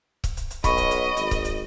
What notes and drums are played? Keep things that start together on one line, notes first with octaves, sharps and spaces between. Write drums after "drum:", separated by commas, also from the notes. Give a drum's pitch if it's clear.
drum: kick C#1, hi-hat
drum: hi-hat
drum: hi-hat
B1 D#5 B5 C#6, drum: kick C#1, hi-hat
drum: hi-hat
drum: hi-hat
G#1, drum: hi-hat
drum: kick C#1, hi-hat
drum: hi-hat